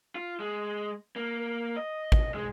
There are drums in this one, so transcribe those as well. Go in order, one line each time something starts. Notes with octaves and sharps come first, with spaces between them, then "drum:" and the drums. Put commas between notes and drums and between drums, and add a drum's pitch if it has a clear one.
F4
G#3
A#3
D#5
drum: kick G#1
G#3